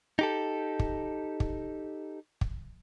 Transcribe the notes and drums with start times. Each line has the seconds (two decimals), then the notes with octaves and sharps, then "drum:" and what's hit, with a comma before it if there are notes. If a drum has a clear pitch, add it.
0.19 D#4 G4 A4
0.79 drum: kick
1.40 drum: kick
2.41 drum: kick